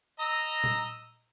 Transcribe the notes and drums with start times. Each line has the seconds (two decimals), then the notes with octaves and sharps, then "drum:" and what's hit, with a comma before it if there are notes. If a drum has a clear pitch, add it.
0.20 D#5 A#5 E6
0.64 drum: tom A#2